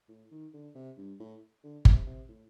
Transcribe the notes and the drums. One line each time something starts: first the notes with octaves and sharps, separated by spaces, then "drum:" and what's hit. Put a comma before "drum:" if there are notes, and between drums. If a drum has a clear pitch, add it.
A2
D#3
D3
C3
G2
A2
D3
C3, drum: kick G1
C3
A2